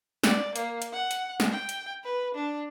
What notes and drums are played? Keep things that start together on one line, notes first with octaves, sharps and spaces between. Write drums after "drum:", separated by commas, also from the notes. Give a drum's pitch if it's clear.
D5, drum: snare
A#3, drum: hi-hat
drum: hi-hat
F#5
drum: hi-hat
drum: snare
G5
drum: hi-hat
B4
D4